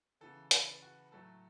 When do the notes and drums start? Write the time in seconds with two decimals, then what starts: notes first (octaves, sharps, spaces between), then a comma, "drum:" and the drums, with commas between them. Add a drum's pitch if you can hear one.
0.21 C#3 E3 B3 A4
0.51 B4, drum: hi-hat
0.82 F#4
1.12 A2 F#3 A3 A4